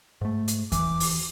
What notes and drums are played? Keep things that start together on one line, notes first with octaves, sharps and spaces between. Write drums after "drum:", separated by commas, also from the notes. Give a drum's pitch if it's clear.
G#2 A3
drum: hi-hat
E3 D6, drum: kick E2, hi-hat
drum: open hi-hat